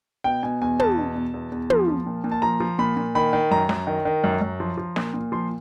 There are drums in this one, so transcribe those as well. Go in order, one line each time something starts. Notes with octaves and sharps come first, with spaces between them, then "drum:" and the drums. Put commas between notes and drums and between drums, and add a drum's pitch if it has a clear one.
B2 G5
B2 G#5
E2 G#5
E2 A5, drum: tom
B2
B2
E2
E2
F3, drum: tom
F3
A#2
A#2
A5
F3 A#5
F3
A#2 B5
A#2
D#3 B5
D#3
F#2 A#5
F#2, drum: snare
D#3
D#3
F#2
F#2
F3
F3
A#2, drum: snare
A#2
F3 C6